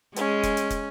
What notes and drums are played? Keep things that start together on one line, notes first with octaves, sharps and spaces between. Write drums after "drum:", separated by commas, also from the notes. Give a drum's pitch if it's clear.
G#3 C#4, drum: hi-hat
drum: kick, hi-hat
drum: hi-hat
drum: kick, hi-hat